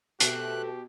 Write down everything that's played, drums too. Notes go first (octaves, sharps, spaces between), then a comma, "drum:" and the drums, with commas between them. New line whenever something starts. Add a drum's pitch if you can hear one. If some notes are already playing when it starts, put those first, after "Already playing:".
B2 A3 C4 G4 A4 F#6, drum: hi-hat